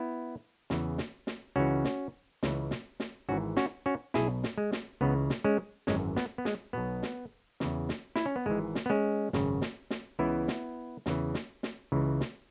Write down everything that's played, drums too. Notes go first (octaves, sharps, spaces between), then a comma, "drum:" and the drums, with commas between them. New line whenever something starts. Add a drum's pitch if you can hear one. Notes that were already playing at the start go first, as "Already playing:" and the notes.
Already playing: B3 E4
E2 C#3 E3, drum: snare
drum: snare
drum: snare
C#2 C#3 E3 C#4 F#4
drum: snare
C#2 C#3 E3, drum: snare
drum: snare
drum: snare
G#1 G#2 E3 C#4 F#4
C#4 F#4, drum: snare
C#4 F#4
B1 B2 E4 G#4, drum: snare
drum: snare
G#3
drum: snare
C#2 C#3 E3 B3
drum: snare
G#3 C#4
G#1 F#2 E3 G#3 C#4, drum: snare
B3, drum: snare
B3
G#3, drum: snare
B1 B2 B3
drum: snare
E2 C#3 E3, drum: snare
drum: snare
E4, drum: snare
C#4
B3
G#1 G#2 E3 G#3
drum: snare
B3
G#3 C#4
G#1 F#2 C#3, drum: snare
drum: snare
drum: snare
C#2 C#3 E3 B3 E4
drum: snare
E2 C#3 E3, drum: snare
drum: snare
drum: snare
C#2 C#3 E3
drum: snare